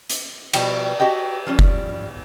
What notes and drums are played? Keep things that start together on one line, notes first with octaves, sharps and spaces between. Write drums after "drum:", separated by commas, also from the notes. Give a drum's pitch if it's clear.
drum: hi-hat
B2 F3 G3 G5, drum: cymbal
F#4 G4 D#5 G5
F3 G3 C#4
drum: kick F1